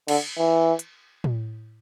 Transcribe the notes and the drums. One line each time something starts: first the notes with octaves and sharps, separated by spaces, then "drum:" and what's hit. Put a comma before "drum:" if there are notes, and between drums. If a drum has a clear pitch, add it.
D3, drum: cymbal
E3
drum: hi-hat
drum: tom A2